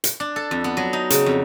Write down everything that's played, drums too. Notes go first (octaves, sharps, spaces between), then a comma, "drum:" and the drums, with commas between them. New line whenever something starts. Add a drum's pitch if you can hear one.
drum: hi-hat
D4
A4
F2
B3
F#3
D#4
C#3, drum: hi-hat
F2